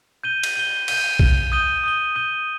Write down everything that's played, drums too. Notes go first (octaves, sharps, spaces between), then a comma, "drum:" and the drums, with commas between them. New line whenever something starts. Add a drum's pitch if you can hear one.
G6 D#7 G7
drum: cymbal
G6 D#7 G7
G6 D#7 G7, drum: cymbal
G6 D#7 G7, drum: kick B1
D#6 G6 D#7 G7
D#6 G6 D#7 G7
D#6 G6 D#7 G7